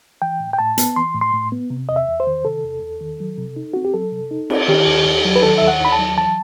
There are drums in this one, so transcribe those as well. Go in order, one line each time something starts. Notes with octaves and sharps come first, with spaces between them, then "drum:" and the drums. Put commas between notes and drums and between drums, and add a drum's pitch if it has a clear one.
E3 G5
A2
G5
A2 A5
B3, drum: hi-hat
E3 C6
A2
C6
A2
B3
C3
E2 D#5
E5
E2
C5
D#3
C3 A4
E2
E2
D#3
F#3
C3
D#4
C4 F#4
G4
F#3 A4
C3
D#4
C4, drum: cymbal
D#3 G4
D#2
D#2
F#3
B4
D#3 A4
D#2 E5
F#5
D#2 B5
A5
F#3
E3 A5